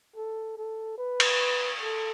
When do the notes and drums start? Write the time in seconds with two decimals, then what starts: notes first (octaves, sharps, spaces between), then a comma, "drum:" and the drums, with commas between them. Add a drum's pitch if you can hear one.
0.16 A4
0.58 A4
0.98 B4
1.20 drum: cymbal
1.81 A4